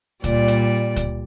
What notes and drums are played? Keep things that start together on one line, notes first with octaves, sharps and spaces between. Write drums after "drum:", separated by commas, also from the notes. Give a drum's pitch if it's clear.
A#2 G3 D5, drum: kick C#2, hi-hat
drum: hi-hat
drum: kick C#2, hi-hat